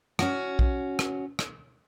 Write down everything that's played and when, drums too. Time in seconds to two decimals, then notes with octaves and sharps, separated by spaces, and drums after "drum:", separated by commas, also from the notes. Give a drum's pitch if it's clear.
0.19 C#4 F#4, drum: rim click
0.59 drum: kick A#1
0.99 drum: rim click
1.39 drum: rim click